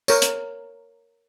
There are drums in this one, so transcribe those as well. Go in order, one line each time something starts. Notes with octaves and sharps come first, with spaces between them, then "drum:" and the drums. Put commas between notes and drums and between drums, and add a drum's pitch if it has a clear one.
A#4 C#5, drum: tambourine
drum: hi-hat